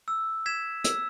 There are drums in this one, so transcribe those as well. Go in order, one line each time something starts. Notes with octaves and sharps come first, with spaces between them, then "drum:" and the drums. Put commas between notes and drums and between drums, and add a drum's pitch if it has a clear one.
E6
G#6 B6 E7
E6, drum: hi-hat